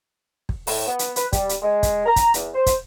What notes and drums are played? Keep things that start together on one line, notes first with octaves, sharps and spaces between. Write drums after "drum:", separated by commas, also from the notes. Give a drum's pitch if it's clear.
drum: kick
A2, drum: open hi-hat
B3
drum: hi-hat
B4, drum: hi-hat
G3, drum: kick, hi-hat
drum: hi-hat
G#3
drum: kick, hi-hat
A#5
drum: kick, hi-hat
E2, drum: hi-hat
C5
drum: kick, hi-hat